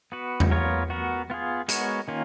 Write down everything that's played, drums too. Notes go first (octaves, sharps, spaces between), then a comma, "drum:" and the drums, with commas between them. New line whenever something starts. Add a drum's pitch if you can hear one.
B3 F#4 B4
drum: tom E2
B3 F4 A#4 C#5
B3 F#4 A#4
B3 F4 G#4
G#3 B3 F#4 A#4 C#5, drum: hi-hat
D#3 A#3 C#4 F4